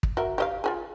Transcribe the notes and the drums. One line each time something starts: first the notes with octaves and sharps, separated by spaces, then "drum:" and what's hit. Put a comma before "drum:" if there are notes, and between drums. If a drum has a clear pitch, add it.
drum: kick
F#4 A#4 E5
G4 D#5 F5
F4 F#4 G#4